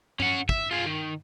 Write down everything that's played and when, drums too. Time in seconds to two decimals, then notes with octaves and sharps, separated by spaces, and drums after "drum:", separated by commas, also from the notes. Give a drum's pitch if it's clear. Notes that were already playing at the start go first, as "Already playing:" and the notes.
0.20 C#4 F#5, drum: tom G2
0.49 E5, drum: kick
0.71 F4 G#4
0.86 D#3